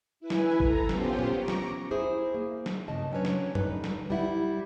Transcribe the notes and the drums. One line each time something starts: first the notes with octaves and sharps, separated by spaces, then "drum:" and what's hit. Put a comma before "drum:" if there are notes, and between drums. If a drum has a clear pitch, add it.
E4 B4 G#5
drum: snare
A4 A#5, drum: kick
B3 C#4 F4 G4 C5, drum: snare
drum: tom
A#5 C#6 D6
drum: snare
E4 G#4 C5
A#3
drum: snare
G2 C#3 D#5 A5
F#3 C#4 D4 B4 C#5
drum: snare
D3 G3 D#4 B4, drum: tom G2
drum: snare
G3 E4 F#5